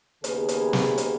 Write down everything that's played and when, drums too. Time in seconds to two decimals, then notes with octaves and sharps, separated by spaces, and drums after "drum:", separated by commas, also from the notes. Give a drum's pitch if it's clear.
0.24 D#2 C#3 B3 G#4 B4, drum: hi-hat
0.49 drum: hi-hat
0.73 drum: snare
0.98 drum: hi-hat